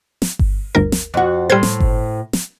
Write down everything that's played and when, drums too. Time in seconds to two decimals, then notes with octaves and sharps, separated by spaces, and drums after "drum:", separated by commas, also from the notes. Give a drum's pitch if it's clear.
0.22 drum: snare
0.39 drum: kick G1
0.75 G1 D2 A#4
0.92 drum: snare
1.14 F2 F#4
1.50 A2 G3 C5 G#6
1.63 drum: snare
1.80 drum: kick G1
2.33 drum: snare